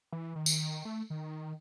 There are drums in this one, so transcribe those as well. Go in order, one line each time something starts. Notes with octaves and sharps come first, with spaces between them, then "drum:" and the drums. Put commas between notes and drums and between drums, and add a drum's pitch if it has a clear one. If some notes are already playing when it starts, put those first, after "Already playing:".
E3
D#3
drum: tambourine
A3
D#3